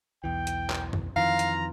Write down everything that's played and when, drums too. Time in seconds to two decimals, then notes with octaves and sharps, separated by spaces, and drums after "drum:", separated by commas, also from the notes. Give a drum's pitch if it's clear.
0.24 B1 E2 E3 G5
0.47 drum: hi-hat
0.70 drum: clap
0.93 drum: tom F#2
1.16 F2 D#3 E3 F4 F5 A#5
1.39 drum: hi-hat